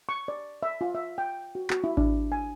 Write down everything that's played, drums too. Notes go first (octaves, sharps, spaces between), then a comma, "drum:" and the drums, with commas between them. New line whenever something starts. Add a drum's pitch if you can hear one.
C#6
D5
E5
F4
E5
G5
F#4
F#4, drum: clap
E4
D4, drum: kick G#1
G#5